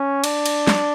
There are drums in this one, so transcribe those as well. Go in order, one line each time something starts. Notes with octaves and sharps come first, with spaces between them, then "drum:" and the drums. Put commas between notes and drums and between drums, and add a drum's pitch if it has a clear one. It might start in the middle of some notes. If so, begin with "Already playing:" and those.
Already playing: C#4
D4, drum: cymbal
drum: cymbal
drum: snare